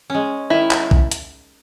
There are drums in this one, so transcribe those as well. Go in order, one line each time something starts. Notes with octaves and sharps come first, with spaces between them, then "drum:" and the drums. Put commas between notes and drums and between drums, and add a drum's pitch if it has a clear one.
G#3 C#4
D#3 E4
drum: clap
drum: kick A#1
drum: hi-hat